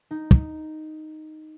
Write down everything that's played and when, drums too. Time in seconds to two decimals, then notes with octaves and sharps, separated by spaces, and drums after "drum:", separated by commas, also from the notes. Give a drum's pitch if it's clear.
0.11 D#4
0.31 drum: kick